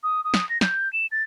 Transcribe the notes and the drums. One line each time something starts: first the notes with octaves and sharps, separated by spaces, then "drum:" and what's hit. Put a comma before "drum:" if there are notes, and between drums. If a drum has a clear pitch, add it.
D#6
D#6
drum: snare
A#6
G6, drum: snare
E7
A6